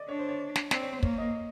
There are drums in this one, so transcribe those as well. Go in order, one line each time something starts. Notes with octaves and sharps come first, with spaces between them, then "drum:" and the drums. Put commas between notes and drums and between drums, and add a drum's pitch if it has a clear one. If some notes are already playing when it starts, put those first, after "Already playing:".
Already playing: D5 D#5
D4 C#5
C5
C#5
drum: snare
C4 D5, drum: snare
C#5
C5
A#3 C#5, drum: kick
D#5